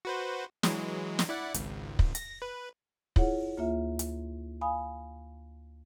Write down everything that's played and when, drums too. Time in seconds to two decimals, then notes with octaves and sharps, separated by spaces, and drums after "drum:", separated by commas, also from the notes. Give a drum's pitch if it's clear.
0.05 F#4 B4 C5
0.63 E3 F#3 G#3, drum: snare
1.19 drum: snare
1.29 E4 D5 F#5
1.54 G#1 C#2, drum: hi-hat
1.99 drum: kick
2.15 A#6, drum: hi-hat
2.42 B4
3.16 E4 F4 G#4 C#5 F#5, drum: kick
3.58 D2 A#3 F4 E5
3.99 drum: hi-hat
4.61 F5 G#5 B5 D#6